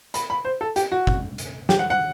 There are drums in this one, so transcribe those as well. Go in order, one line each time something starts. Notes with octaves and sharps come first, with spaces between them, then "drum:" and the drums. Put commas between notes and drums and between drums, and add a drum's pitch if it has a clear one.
B5, drum: hi-hat
B5
C5
A4
G4, drum: hi-hat
F#4
drum: kick G1
drum: hi-hat
G4, drum: snare
F#5
F#5